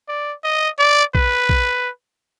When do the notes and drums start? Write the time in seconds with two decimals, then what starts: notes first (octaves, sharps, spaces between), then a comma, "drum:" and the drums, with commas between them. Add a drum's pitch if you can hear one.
0.09 D5
0.44 D#5
0.79 D5
1.15 B4, drum: kick A#1
1.49 drum: kick A#1